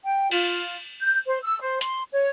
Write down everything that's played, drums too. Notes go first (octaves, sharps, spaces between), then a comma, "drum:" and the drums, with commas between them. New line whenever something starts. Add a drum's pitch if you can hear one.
G5
F4, drum: cymbal
G6
C5
E6
C5
C6, drum: hi-hat
C#5